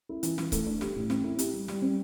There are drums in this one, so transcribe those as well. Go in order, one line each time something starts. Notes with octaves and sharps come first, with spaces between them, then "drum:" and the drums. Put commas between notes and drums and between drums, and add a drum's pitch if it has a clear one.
E4
E3, drum: hi-hat
E3, drum: snare
A3, drum: kick C#1, hi-hat
D4
G4, drum: snare
A2
C4, drum: snare
E4
G4, drum: hi-hat
G3
G3, drum: snare
C4